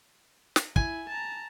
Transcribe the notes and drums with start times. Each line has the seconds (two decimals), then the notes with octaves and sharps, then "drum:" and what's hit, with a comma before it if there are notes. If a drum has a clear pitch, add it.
0.56 drum: snare
0.76 E4 G#5, drum: kick
1.09 A5 A#5